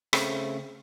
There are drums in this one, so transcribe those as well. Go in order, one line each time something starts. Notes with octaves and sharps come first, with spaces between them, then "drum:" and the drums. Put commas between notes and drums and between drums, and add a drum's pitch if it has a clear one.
C#3 A3 C4, drum: rim click